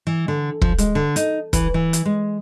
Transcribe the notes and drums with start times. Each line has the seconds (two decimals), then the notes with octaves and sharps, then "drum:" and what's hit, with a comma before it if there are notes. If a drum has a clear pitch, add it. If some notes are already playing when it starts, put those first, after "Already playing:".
0.07 E3
0.28 D3
0.61 F3, drum: kick
0.78 G#3, drum: hi-hat
0.95 D3
1.16 D#4, drum: hi-hat
1.53 E3, drum: kick, hi-hat
1.74 E3
1.93 drum: hi-hat
2.05 G#3